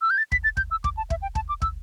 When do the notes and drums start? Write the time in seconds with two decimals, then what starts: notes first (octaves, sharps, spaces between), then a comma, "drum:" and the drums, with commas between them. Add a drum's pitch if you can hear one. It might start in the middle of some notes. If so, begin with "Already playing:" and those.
0.02 E6
0.10 G6
0.18 A6
0.32 B6, drum: kick
0.44 A6
0.57 G6, drum: kick
0.71 E6
0.84 D6, drum: kick
0.97 A5
1.10 E5, drum: kick
1.22 G5
1.35 A5, drum: kick
1.49 D6
1.62 E6, drum: kick